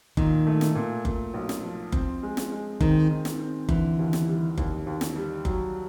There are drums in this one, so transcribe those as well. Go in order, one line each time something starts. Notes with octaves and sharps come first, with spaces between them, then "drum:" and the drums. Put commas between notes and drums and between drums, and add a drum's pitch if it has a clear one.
A#2 D#3, drum: kick F#1
A3
drum: snare
A#2
A#2, drum: kick F#1
B1
drum: snare
F3
C4, drum: kick F#1
G#3
drum: snare
G#3
D#3 C4, drum: kick F#1
D#3
drum: snare
C4
D3 E3, drum: kick F#1
D#2
drum: snare
G3
D#2, drum: kick F#1
D#2
drum: snare
G3
F#3, drum: kick F#1